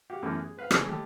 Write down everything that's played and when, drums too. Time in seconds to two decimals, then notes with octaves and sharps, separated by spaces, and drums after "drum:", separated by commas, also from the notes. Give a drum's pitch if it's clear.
0.10 F#4 G4 F5
0.23 F#2 E3 A3 B3 C#4 D6
0.41 G#4
0.57 C4 B4 F5
0.71 C#3 G#3 A3 G#4 B5, drum: rim click
0.88 D#2 A3 G4